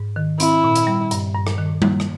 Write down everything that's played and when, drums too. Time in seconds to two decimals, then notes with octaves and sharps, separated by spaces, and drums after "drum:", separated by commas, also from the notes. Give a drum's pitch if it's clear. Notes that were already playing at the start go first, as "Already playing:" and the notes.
Already playing: G#2
0.16 D#3
0.40 C4 E4, drum: hi-hat
0.64 A#2
0.75 drum: hi-hat
0.87 G3
1.11 G2, drum: hi-hat
1.35 G2
1.47 drum: rim click
1.58 D#3
1.82 A#3, drum: tom G3
2.00 drum: rim click